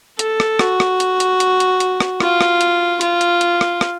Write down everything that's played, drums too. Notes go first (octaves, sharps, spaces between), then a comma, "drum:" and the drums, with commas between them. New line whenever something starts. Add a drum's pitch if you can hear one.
A4, drum: hi-hat
drum: rim click
F#4, drum: rim click
drum: rim click
drum: hi-hat
drum: hi-hat
drum: hi-hat
drum: hi-hat
drum: hi-hat
drum: rim click
F4, drum: rim click
drum: rim click
drum: hi-hat
F4, drum: hi-hat
drum: hi-hat
drum: hi-hat
drum: rim click
drum: rim click